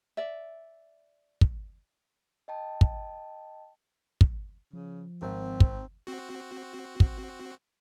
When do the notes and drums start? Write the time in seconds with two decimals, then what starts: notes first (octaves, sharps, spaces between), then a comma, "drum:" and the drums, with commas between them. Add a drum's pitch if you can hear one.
0.17 D5 E5
1.41 drum: kick
2.48 D#5 G5 A5
2.81 drum: kick
4.21 drum: kick
4.73 C#3 F3
5.22 G#1 C4
5.60 drum: kick
6.07 C4 F#4
7.00 drum: kick